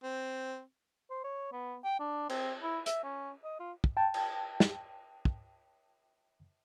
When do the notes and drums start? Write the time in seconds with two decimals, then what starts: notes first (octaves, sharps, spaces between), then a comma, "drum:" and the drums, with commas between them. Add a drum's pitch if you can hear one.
0.04 C4
1.10 C5
1.24 C#5
1.52 B3
1.84 G5
1.99 D4
2.29 C4, drum: cymbal
2.63 E4
2.86 E5, drum: hi-hat
3.04 C#4
3.44 D#5
3.60 F4
3.84 drum: kick
3.97 G5 A5
4.14 drum: cymbal
4.60 drum: snare
5.25 drum: kick